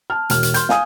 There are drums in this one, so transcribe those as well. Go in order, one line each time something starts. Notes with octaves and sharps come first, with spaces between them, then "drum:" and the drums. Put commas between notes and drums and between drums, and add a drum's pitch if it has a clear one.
A5 F6
E1 F6, drum: hi-hat
drum: hi-hat
C6 F6 G6, drum: hi-hat
F5 G#5 D#6, drum: snare